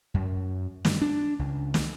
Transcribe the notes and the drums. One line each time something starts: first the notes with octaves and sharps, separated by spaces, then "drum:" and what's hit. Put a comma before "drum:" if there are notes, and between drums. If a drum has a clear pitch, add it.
F#2
G2, drum: snare
D4
C#2
drum: snare